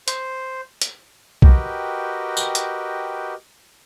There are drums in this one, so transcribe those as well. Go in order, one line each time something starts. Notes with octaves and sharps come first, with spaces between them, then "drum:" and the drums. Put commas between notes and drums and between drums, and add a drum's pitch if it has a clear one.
C5, drum: hi-hat
drum: hi-hat
F#4 G4 A#4 B4 D#5 G5, drum: kick
drum: tambourine
drum: hi-hat